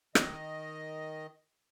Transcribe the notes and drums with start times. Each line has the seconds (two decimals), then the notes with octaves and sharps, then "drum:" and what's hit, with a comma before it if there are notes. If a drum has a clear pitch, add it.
0.15 D#3 D#5, drum: rim click